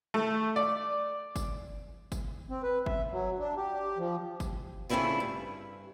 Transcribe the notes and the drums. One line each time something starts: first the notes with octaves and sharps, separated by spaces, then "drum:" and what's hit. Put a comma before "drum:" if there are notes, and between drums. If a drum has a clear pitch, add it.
A3
D5
drum: kick, tambourine
drum: kick, tambourine
C4
B4
E5, drum: kick
F#3
D4
G4
F3
drum: kick, tambourine
C#3 A3 C4 D4 E4 F4
G2